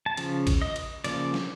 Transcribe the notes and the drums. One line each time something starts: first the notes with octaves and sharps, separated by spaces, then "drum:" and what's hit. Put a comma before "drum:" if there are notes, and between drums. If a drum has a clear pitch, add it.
A5
C#3 F3, drum: cymbal
drum: kick, cymbal
D#5
drum: cymbal
C#3 F3 A#3 D5, drum: cymbal
drum: snare